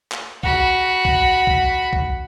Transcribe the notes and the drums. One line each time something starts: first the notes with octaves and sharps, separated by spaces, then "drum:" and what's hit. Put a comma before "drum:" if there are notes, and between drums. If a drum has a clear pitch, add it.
drum: clap
F#4 B5, drum: kick
drum: kick
drum: kick
drum: kick